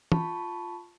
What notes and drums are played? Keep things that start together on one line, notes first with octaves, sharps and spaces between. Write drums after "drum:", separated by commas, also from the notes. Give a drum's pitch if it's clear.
F4 A5 B5 C#6, drum: tom